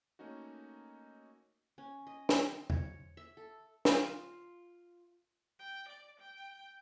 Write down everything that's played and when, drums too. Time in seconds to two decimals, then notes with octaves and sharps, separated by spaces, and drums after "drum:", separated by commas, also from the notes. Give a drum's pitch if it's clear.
0.19 A3 A#3 C#4 D#4 F#4
1.78 C#4
2.07 D#5
2.29 C4, drum: snare
2.70 C#5, drum: tom E2
3.17 E5
3.37 A4
3.85 F4, drum: snare
5.60 G5
5.88 D5
6.20 G5